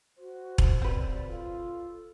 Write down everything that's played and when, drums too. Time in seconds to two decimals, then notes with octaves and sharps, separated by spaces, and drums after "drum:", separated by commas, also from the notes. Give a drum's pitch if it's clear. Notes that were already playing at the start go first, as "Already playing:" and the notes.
0.18 F#4 C5
0.58 drum: kick E1
0.82 C4 B4 D5
1.29 F4 A4